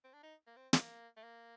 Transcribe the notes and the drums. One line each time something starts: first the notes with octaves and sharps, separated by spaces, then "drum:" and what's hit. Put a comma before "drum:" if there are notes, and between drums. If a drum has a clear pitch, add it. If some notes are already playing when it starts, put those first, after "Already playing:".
C4
D4
D#4
A#3
C4
A#3, drum: snare
A3
A#3